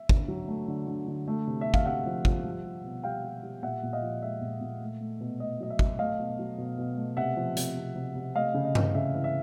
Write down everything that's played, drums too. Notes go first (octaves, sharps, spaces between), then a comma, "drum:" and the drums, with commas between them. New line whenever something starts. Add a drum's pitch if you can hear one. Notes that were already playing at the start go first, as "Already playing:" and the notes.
Already playing: E5
D3, drum: kick
F#3
A3
D3
D3
D3
A3
C3
C3 E5
F5, drum: kick
C3 E5 F#5
F3
F3, drum: kick
G3
G3
B2
G3 F5 G5
G3
G3
A#2 E5 F#5
A#2
D#5 F5
F3
G#3 E5
A#2
A#2
A3
A3
B2
A3 D#5
F#3 D#5
E5
F#3, drum: kick
A3 D#5 F5
B2
F#3
B2
B2
A3
C3 E5 F#5
F3
C3, drum: hi-hat
C3
C3
C3
A3 D#5 F5
C#3
D#5
E3, drum: tom G2
C#3 E5
E3
E5